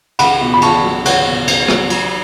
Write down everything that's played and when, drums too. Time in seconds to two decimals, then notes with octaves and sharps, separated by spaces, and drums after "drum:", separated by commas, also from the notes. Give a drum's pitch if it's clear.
0.19 C#2 F#5 B5, drum: cymbal
0.41 B2
0.54 B5
0.62 C#2 A5 C#6, drum: cymbal
0.84 F#3
1.05 C#2 C#5 F#5, drum: cymbal
1.27 B2
1.48 C#2, drum: cymbal
1.68 F#3, drum: rim click
1.90 F#3, drum: cymbal